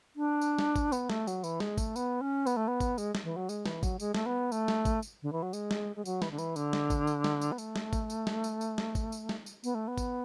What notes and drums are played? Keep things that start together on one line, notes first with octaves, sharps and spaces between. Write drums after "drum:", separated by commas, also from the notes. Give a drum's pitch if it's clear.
D4
drum: tambourine
drum: snare
drum: kick G#1, tambourine
B3, drum: tambourine
A3, drum: snare
F#3, drum: tambourine
E3, drum: tambourine
G#3, drum: snare
A3, drum: kick G#1, tambourine
B3, drum: tambourine
C#4
B3, drum: tambourine
A3
B3
drum: kick G#1, tambourine
G#3, drum: tambourine
drum: snare
E3
F#3
G#3, drum: tambourine
E3, drum: snare
F#3, drum: kick G#1, tambourine
G#3, drum: tambourine
A3, drum: snare
B3
A3, drum: tambourine
drum: snare
drum: kick G#1, tambourine
drum: tambourine
D3
E3
F#3
G#3, drum: tambourine
drum: snare
G#3
F#3, drum: tambourine
E3, drum: snare
D3
E3, drum: tambourine
D3, drum: tambourine
drum: snare
drum: kick G#1, tambourine
drum: tambourine
drum: snare
drum: tambourine
B3
A3, drum: tambourine
drum: snare
drum: kick G#1, tambourine
drum: tambourine
drum: snare
drum: tambourine
drum: tambourine
drum: snare
drum: kick G#1, tambourine
drum: tambourine
drum: snare
drum: tambourine
B3, drum: tambourine
A3
B3
drum: kick G#1, tambourine